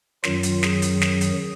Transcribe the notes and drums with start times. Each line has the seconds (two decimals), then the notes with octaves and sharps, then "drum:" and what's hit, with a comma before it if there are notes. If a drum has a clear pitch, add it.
0.24 F#2 D#3 F#3 F4, drum: snare
0.43 drum: hi-hat
0.63 G#4, drum: snare
0.82 drum: hi-hat
1.01 drum: snare
1.21 drum: hi-hat